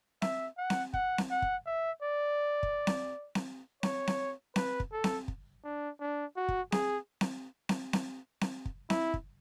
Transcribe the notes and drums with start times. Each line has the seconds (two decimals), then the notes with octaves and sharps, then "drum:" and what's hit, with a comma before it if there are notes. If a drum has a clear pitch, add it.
0.22 E5, drum: snare C4
0.58 F#5
0.70 drum: snare C4
0.93 F#5, drum: kick
1.18 drum: snare C4
1.31 F#5
1.42 drum: kick
1.66 E5
2.02 D5
2.63 drum: kick
2.87 drum: snare C4
3.35 drum: snare C4
3.83 C#5, drum: snare C4
4.07 drum: snare C4
4.56 B4, drum: snare C4
4.80 drum: kick
4.92 A4
5.04 drum: snare C4
5.28 drum: kick
5.64 D4
6.00 D4
6.36 F#4
6.49 drum: kick
6.72 G#4, drum: snare C4
7.21 drum: snare C4
7.69 drum: snare C4
7.93 drum: snare C4
8.41 drum: snare C4
8.65 drum: kick
8.90 E4, drum: snare C4
9.14 drum: kick